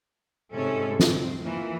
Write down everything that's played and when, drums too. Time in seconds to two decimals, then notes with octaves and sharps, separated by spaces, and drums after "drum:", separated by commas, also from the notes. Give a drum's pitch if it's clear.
0.54 G#2 C3 C#4 A4
1.00 C4, drum: snare
1.43 E3 F3 A#3